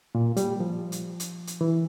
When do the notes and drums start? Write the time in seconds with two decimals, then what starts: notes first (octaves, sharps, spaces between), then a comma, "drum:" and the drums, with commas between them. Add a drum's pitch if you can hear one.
0.15 A#2
0.37 G3, drum: hi-hat
0.60 F3
0.92 drum: hi-hat
1.20 drum: hi-hat
1.47 drum: hi-hat
1.61 E3